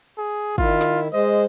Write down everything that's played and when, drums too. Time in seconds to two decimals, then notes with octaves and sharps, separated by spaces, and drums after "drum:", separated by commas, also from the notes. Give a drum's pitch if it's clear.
0.18 G#4
0.58 D#3 E4 F4, drum: kick
0.81 drum: snare
1.13 G#3 C5 D#5